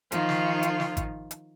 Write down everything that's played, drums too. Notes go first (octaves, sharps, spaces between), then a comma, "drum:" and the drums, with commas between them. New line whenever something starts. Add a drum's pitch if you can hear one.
D#3 F3 F4, drum: hi-hat
drum: snare
drum: hi-hat
drum: snare
drum: kick G#1, hi-hat
drum: hi-hat